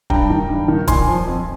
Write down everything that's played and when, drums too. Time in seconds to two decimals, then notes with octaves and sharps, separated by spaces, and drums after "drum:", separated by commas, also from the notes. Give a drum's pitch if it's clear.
0.10 G2 G5 A#5, drum: kick
0.30 D#3
0.49 G2
0.68 D#3
0.87 A#2 G#5 C6, drum: kick, hi-hat
1.07 F3
1.27 F2